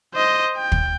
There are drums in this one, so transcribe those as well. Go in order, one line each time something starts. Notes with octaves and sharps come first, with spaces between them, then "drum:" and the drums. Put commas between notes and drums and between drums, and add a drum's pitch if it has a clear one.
C5 D#5
G5
drum: kick